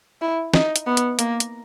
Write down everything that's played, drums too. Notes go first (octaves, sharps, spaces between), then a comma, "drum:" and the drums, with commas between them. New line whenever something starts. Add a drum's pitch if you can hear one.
E4
D#4, drum: snare
drum: hi-hat
B3
drum: hi-hat
A#3, drum: hi-hat
drum: hi-hat